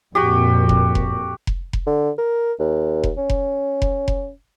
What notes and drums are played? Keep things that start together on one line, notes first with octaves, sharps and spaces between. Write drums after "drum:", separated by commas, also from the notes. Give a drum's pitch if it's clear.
F2 A#2 F#4 G4
drum: kick F1
drum: kick F1
drum: kick F1
drum: kick F1
D3
A#4
D#2
drum: kick F1
C#4
drum: kick F1
drum: kick F1
drum: kick F1